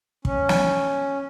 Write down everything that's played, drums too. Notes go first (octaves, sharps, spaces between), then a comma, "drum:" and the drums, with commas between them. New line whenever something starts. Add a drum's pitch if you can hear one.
C#4, drum: kick
drum: snare